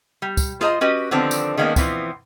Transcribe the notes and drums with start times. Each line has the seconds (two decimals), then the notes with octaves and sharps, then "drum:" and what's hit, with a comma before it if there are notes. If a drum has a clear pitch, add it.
0.22 G3
0.37 drum: kick, tambourine
0.61 F4 G#4 C5 D#5 A#5, drum: snare
0.81 C#4 F#4 G4 B4 D#5
1.11 D3 D#3 F3 B3 C4 D4
1.31 drum: tambourine
1.57 D#3 G#3 A#3 B3 C#4 D4
1.76 E3 F3 B3 C4, drum: kick, tambourine